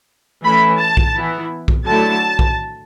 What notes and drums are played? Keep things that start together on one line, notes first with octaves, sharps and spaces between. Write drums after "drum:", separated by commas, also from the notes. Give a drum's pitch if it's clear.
E3 A3 C#4 E4 B5
A5
drum: kick B1
E3 B3 E4
drum: kick B1
D3 F#3 A3 E4 A5
drum: kick B1